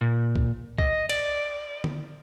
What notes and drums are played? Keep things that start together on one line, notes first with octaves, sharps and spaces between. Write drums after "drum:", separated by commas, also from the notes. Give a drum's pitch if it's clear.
A#2
drum: kick B1
D#5, drum: kick B1
D5, drum: cymbal
drum: tom D3